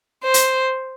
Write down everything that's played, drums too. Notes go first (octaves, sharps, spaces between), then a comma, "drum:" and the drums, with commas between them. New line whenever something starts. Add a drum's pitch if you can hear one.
C5
drum: hi-hat